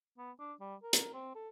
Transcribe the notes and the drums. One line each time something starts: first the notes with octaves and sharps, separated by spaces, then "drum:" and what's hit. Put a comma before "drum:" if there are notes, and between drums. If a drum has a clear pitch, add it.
B3
D4
G3
A#4
drum: hi-hat
C4
A4